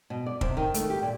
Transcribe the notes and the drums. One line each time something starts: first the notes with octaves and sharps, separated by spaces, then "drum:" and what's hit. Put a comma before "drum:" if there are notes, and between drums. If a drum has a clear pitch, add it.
B2
D5
C3, drum: kick
D#3
A3, drum: hi-hat
G4
A#2